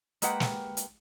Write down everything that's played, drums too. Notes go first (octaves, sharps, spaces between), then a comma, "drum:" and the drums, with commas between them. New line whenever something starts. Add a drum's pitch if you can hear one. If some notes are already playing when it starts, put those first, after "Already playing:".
G#3 A#3 G4 B4 F#5 G5, drum: hi-hat
drum: snare
drum: hi-hat